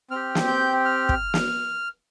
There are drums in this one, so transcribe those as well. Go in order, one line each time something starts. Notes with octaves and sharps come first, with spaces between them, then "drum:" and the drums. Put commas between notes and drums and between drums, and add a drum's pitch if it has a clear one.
C4 G4 F6
drum: snare
G6
F6
drum: kick
drum: snare